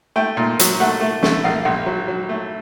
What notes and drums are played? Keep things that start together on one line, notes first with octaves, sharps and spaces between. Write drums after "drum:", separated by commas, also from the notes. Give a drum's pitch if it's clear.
A3 G5
A#2
F#3, drum: hi-hat
A3 F#5
A3
A3, drum: snare
A#1 F5
A#1
F#3
F#3
A3